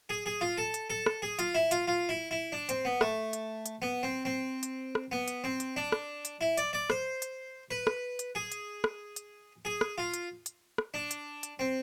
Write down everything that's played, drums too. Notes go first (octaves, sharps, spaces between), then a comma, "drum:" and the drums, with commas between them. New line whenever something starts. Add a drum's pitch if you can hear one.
G#4
G#4
F4
A4
drum: hi-hat
A4
drum: rim click
G#4
F4, drum: hi-hat
E4
F4, drum: hi-hat
F4
E4
E4
D4
C4, drum: hi-hat
B3
A3, drum: rim click
drum: hi-hat
drum: hi-hat
B3
C4
C4
drum: hi-hat
drum: rim click
B3
drum: hi-hat
C4
drum: hi-hat
D4
drum: rim click
drum: hi-hat
E4
D5, drum: hi-hat
D5
C5, drum: rim click
drum: hi-hat
B4
drum: rim click
drum: hi-hat
G#4
drum: hi-hat
drum: rim click
drum: hi-hat
G#4
drum: rim click
F4
drum: hi-hat
drum: hi-hat
drum: rim click
D4
drum: hi-hat
drum: hi-hat
C4